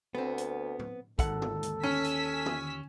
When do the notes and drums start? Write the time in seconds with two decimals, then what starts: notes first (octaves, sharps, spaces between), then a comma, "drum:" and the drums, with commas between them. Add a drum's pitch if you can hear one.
0.15 D2 B3 C4
0.38 drum: hi-hat
0.79 drum: tom
1.19 G#1 D#2 A4 F#5, drum: kick, hi-hat
1.42 drum: tom
1.63 drum: hi-hat
1.84 C#4 G#5 E6 B6
2.04 drum: hi-hat
2.46 drum: tom